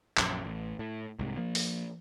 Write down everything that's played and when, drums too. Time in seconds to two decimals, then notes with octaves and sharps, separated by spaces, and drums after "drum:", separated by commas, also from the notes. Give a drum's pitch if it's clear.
0.18 A#1 F#2, drum: clap
0.44 A1
0.79 A2
1.19 C2 G#2 C3
1.37 F3 A#3
1.55 drum: open hi-hat